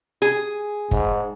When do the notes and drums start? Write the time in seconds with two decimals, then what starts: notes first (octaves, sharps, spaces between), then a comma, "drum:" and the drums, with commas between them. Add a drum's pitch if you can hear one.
0.22 G#4
0.91 G#2, drum: kick